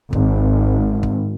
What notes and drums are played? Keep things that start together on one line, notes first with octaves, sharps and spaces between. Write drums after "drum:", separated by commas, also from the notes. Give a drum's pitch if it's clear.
G#1, drum: kick
drum: kick